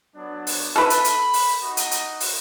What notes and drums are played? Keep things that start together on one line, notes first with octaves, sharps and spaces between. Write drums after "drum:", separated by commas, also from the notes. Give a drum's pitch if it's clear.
F#3 B3 D4
drum: open hi-hat
A4 B4 B5
drum: hi-hat
drum: hi-hat
drum: open hi-hat
D#4 F#4
drum: hi-hat
drum: hi-hat
drum: open hi-hat